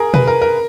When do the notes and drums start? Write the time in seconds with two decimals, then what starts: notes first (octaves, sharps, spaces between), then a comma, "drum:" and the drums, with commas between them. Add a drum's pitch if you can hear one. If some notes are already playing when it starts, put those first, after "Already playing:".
Already playing: G#4 A#4
0.14 B4, drum: tom B2
0.28 A#4
0.42 A#4